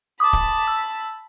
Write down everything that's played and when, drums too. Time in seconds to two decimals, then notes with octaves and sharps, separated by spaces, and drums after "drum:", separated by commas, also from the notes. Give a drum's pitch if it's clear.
0.20 A5 B5 D6 D#6
0.33 drum: kick
0.68 E6